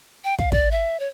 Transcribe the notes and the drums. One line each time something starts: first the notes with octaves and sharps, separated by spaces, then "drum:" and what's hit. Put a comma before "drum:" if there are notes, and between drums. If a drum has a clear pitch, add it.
G5
F5, drum: kick
D5, drum: kick
E5
C#5